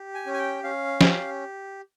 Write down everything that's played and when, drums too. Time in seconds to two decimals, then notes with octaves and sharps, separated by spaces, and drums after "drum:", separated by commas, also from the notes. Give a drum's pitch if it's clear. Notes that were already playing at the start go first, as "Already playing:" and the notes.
Already playing: G4
0.15 G#5
0.26 C#4
0.34 G#5
0.39 G5
0.63 C#4 F5
1.01 G4, drum: snare